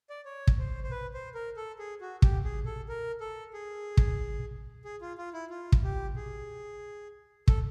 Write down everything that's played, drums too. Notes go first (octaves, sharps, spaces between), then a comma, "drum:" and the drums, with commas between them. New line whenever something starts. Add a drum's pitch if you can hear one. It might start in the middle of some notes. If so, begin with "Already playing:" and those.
D5
C#5
drum: kick
C5
C5
B4
C5
A#4
A4
G#4
F#4
G4, drum: kick
G#4
A4
A#4
A4
G#4
drum: kick
G#4
F4
F4
E4
F4
drum: kick
G4
G#4
A4, drum: kick